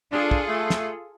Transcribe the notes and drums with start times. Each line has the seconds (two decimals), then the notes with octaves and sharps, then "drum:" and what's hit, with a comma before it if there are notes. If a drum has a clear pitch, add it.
0.12 D4 F4 G#4 A4
0.31 drum: kick
0.48 A3
0.70 drum: snare